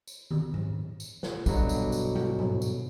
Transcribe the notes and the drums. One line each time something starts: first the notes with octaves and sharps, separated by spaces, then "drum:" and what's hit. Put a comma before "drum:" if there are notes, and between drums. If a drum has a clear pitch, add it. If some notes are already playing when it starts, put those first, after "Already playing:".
drum: tambourine
drum: tom D#3
drum: tom G#2
drum: tambourine
drum: snare
G2 B2 D3 F#3 G3, drum: kick, tambourine
drum: tambourine
drum: tambourine
drum: tom G#3
drum: tom G#2
drum: tambourine